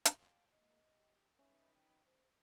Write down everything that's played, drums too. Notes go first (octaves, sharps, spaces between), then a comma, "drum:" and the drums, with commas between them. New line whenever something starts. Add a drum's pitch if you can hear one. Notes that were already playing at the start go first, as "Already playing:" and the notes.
drum: hi-hat
D5 F5 G5 A5
G#3 A#3 D#5
G4
C#4 D#4 B4 E5
G5
C5